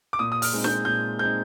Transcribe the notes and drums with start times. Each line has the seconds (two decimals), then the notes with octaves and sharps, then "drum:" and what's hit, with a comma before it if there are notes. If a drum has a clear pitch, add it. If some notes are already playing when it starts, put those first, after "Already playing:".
0.13 D6
0.19 A#2 D#6
0.32 D#6
0.42 F6, drum: open hi-hat
0.53 G#3 C4 D#4
0.64 G6, drum: snare
0.85 A#2 G6
1.19 G#3 C4 D#4 G6